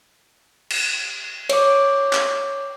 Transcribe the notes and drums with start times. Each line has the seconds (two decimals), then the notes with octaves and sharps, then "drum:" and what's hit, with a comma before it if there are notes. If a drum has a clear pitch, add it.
0.70 drum: cymbal
1.49 C#5 D6, drum: cymbal
2.13 drum: clap